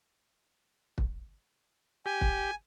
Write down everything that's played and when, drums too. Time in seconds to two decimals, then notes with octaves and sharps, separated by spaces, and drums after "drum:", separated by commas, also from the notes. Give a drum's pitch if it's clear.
0.98 drum: kick
2.06 G4 G#5
2.21 drum: kick